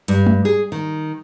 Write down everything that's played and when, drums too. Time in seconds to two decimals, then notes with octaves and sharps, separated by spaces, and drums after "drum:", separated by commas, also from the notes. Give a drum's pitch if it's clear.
0.08 G2, drum: hi-hat
0.26 drum: tom G#3
0.45 G#4
0.72 D#3